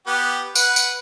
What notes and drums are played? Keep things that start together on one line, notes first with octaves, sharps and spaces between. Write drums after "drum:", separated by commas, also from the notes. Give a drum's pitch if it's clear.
B3 G4
B4 F#5, drum: tambourine
drum: tambourine